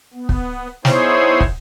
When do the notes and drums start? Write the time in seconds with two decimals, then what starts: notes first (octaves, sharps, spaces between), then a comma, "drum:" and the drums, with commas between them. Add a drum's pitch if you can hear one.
0.14 B3
0.29 drum: kick
0.85 B3 D#4 E4 G#4 C5 C#5, drum: snare
1.40 drum: kick